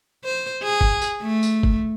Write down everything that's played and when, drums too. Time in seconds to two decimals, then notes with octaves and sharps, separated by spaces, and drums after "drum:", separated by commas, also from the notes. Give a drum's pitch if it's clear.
0.24 C5
0.63 G#4
0.81 drum: kick
1.01 drum: tambourine
1.22 A3
1.43 drum: tambourine
1.63 drum: kick